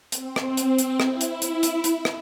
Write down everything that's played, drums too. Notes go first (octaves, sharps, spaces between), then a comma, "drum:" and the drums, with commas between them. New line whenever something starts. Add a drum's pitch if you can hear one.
C4, drum: hi-hat
drum: rim click
drum: hi-hat
drum: hi-hat
E4, drum: rim click
drum: hi-hat
drum: hi-hat
drum: hi-hat
drum: hi-hat
drum: rim click